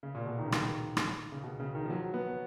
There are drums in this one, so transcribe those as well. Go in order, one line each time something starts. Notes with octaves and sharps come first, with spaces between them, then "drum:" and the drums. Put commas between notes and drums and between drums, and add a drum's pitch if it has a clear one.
C#3
A#2
B2
D#3
C#3
D#3, drum: rim click
drum: rim click
C#3
B2
C#3
D#3
F3
F#3
B3